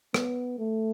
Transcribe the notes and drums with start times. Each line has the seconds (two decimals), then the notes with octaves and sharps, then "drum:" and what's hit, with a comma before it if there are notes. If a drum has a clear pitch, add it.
0.14 B3, drum: rim click
0.58 A3